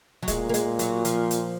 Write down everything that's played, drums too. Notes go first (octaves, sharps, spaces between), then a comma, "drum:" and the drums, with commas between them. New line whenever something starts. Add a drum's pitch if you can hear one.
F#3
A#2 G#3, drum: kick, hi-hat
A#3
G#3, drum: hi-hat
F#3, drum: hi-hat
F3, drum: hi-hat
drum: hi-hat